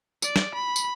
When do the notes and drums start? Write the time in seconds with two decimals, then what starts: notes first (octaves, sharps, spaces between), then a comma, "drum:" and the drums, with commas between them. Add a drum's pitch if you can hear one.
0.22 D5, drum: tambourine
0.36 drum: snare
0.55 B5
0.76 drum: tambourine